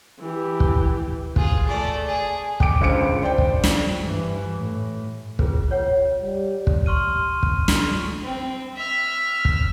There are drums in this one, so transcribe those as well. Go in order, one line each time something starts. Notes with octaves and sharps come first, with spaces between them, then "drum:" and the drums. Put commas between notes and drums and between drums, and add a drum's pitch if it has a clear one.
E3 G4
drum: kick
F4 G#4, drum: kick
A3 D5
G#4
G5 D6 D7, drum: kick
G1 C#2 C5 C#7 D7
C5 D5 G5
drum: kick
drum: snare
G2 E3
A2
F4 G#4 B4, drum: kick
F4 C#5 F#5
G3
drum: kick
C6 C#6 F6 D#7
drum: kick
drum: snare
C4
E5 F6
drum: kick